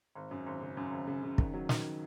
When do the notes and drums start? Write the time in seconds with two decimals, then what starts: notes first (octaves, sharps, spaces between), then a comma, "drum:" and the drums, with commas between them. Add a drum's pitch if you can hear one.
0.15 G#1
0.31 F#2
0.46 G#1
0.62 C#3
0.77 F#2
0.92 G#1
1.07 C#3
1.23 C#3
1.38 D#3, drum: kick
1.54 F#3
1.69 D#3, drum: snare